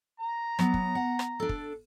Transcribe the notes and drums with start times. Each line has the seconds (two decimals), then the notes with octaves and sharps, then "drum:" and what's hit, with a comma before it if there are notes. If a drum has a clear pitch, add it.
0.20 A#5
0.59 F#3 B3, drum: rim click
0.74 drum: kick
0.95 F#5
1.19 drum: rim click
1.40 D4 A4
1.49 drum: kick